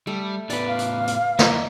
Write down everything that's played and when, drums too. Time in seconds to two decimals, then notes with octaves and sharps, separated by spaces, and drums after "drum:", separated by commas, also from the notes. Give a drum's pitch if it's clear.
0.07 G3 A3
0.50 A2 B3 B4 D5, drum: hi-hat
0.67 F5
0.79 drum: hi-hat
1.07 drum: hi-hat
1.39 A#3 D#5 E5, drum: snare